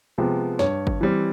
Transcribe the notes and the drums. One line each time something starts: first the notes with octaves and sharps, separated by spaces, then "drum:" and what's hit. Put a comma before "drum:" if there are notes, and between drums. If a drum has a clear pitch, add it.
C3 F3 G#3 B3
G2 C#5, drum: snare
drum: kick G1
E3 G3 C4